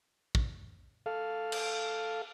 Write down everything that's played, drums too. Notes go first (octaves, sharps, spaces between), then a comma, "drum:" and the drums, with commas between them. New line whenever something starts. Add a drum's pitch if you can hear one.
drum: kick
A4 F5
drum: cymbal